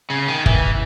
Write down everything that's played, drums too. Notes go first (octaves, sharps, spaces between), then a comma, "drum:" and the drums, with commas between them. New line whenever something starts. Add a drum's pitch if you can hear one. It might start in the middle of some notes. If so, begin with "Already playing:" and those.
C#3
D#3
E3, drum: kick G1